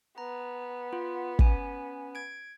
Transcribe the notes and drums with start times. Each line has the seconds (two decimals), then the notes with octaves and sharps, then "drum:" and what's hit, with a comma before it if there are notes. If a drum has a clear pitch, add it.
0.18 B3 A#5
0.93 F4 F#5
1.39 C#4 G#5, drum: kick
2.15 G#6 D7